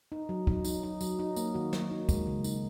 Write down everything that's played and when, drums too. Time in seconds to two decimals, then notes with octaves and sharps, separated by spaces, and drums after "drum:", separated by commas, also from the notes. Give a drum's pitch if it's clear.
0.12 D#4
0.29 F#3
0.47 F#3 D#4, drum: kick
0.65 D#4, drum: tambourine
0.83 D#4
1.01 F#3, drum: tambourine
1.19 D#4
1.36 A#3, drum: tambourine
1.54 D#3 F#4
1.73 F#3, drum: snare
1.91 D#4
2.09 G#3, drum: kick, tambourine
2.27 C#3
2.44 D#4, drum: tambourine